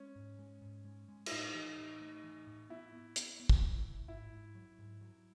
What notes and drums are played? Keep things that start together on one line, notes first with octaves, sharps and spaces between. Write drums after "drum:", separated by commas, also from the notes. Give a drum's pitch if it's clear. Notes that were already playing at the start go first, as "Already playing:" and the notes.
Already playing: G#3 C#4
G#2
G#3
G#2
G#3
G#3
E4, drum: cymbal
A2 D#4
E3
A2
A3
E3
A2
B3 E4
B3
B3, drum: hi-hat
B3
drum: kick
A2
A2
G#2 E4
G#2
F#3
G#2
F#3